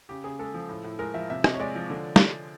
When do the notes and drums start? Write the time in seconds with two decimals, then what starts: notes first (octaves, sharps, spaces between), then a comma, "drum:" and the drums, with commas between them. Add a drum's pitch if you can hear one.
0.09 C#3 G4
0.24 C#3 G#4
0.39 G#3 A4
0.54 F3
0.69 A2
0.84 A2
0.99 G#3 A#4
1.14 F3 E5
1.30 C3 E5
1.44 C3 D#5, drum: rim click
1.54 C#5
1.60 G#3 D5
1.75 F3
1.90 D3
2.16 drum: snare